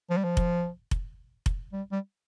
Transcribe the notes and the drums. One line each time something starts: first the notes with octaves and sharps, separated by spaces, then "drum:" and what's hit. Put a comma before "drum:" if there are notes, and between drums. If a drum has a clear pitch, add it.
F3
G3
F3
drum: kick F1
drum: kick F1
drum: kick F1
G3
G3